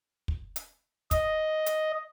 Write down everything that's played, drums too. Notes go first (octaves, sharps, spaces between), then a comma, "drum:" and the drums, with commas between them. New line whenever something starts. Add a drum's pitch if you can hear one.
drum: kick
drum: hi-hat
D#5, drum: kick, hi-hat
drum: hi-hat